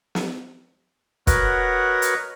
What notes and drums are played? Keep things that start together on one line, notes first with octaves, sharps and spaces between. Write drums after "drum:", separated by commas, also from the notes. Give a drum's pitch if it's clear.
drum: snare
F#4 A#4 B4 C#5 D#5 F#5, drum: kick, hi-hat
drum: hi-hat